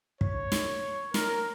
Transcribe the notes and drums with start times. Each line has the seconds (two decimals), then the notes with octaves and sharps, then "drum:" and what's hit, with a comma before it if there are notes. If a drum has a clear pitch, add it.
0.21 C#5, drum: kick
0.52 drum: snare
1.14 A#4, drum: snare